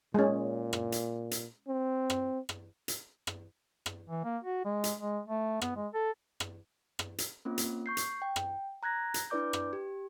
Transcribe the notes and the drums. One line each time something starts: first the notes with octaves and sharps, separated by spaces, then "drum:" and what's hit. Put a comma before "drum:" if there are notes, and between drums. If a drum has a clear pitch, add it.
A#2 G#3 C#4
drum: rim click
drum: hi-hat
drum: hi-hat
C4
drum: rim click
drum: rim click
drum: hi-hat
drum: rim click
drum: rim click
E3
A#3
F#4
G#3
drum: hi-hat
G#3
A3
B3, drum: rim click
G#3
A4
drum: rim click
drum: rim click
drum: hi-hat
A#3 C4 C#4 F4
drum: hi-hat
C#6 G6 C7
drum: hi-hat
G5
drum: rim click
A#5 F#6 G#6 A#6
drum: hi-hat
D4 E4 B4 D5 D6 G6
drum: rim click
G4